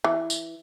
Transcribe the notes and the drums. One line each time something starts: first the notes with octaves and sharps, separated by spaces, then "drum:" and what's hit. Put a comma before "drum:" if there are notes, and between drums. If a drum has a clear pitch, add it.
E3
drum: tambourine